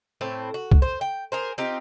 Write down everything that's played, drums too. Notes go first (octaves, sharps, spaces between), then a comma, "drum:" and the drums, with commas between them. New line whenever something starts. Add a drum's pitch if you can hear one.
A2 C4 E4
F#4
drum: kick
C5
G5
G#4 A#4 C5
C4 D#4 F4 G4